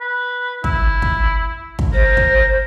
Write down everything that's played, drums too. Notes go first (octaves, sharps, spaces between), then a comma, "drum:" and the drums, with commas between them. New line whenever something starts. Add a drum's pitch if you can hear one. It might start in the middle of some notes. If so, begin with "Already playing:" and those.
B4
E4, drum: kick
drum: kick
drum: kick
A#4 C5
drum: kick